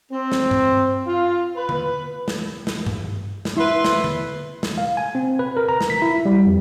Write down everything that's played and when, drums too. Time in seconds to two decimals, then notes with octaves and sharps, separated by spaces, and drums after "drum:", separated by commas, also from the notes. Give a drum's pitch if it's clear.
0.12 C4
0.32 drum: snare
0.51 drum: tom G2
1.07 F4
1.57 B4
1.69 drum: tom D3
2.28 drum: snare
2.67 drum: snare
2.86 drum: tom G2
3.45 drum: snare
3.57 E4 B4 E5 C6
3.85 drum: snare
4.04 drum: tom D3
4.63 drum: snare
4.78 F5
4.97 G#5
5.15 C4
5.39 B4
5.57 A#4
5.69 A#5
5.81 drum: snare
5.90 B6
6.02 E4
6.25 G3
6.46 F2